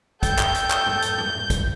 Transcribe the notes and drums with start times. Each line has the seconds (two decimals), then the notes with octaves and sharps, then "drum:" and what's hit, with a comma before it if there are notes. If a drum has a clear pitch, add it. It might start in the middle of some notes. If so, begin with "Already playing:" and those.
0.23 A4 G5 A5 G6, drum: kick, hi-hat
0.39 drum: clap
0.54 drum: hi-hat
0.70 drum: clap
0.86 drum: tom G#2
1.02 drum: hi-hat
1.18 drum: tom G#2
1.50 drum: kick, hi-hat